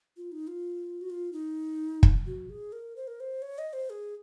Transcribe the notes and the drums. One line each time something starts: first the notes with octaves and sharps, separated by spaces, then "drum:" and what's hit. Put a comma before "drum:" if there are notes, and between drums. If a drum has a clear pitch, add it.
F4
D#4
F4
F#4
F4
D#4
drum: kick
F#4
G#4
A#4
C5
A#4
C5
C#5
D#5
C5
G#4